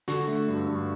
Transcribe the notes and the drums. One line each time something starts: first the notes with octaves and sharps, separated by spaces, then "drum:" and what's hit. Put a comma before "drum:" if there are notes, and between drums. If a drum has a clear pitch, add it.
D3 F#4, drum: hi-hat
A3
G2
G2